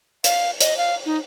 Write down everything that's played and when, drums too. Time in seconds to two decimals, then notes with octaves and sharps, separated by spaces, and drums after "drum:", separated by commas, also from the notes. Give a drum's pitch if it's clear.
0.24 F5, drum: hi-hat
0.61 D#5, drum: hi-hat
0.78 F5
1.06 D#4